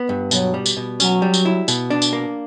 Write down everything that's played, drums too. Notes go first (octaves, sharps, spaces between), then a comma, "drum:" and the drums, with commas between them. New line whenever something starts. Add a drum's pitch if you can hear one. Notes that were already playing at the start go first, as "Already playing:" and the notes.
Already playing: B3
G2
B2 F#3, drum: tambourine
G3
drum: tambourine
B2
F#3 C#4, drum: tambourine
G3
drum: tambourine
E4
B2, drum: tambourine
D4
drum: tambourine
A#3